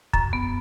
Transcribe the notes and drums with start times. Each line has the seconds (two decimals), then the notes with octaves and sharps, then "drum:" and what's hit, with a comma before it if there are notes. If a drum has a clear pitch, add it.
0.13 F#2, drum: kick
0.33 B3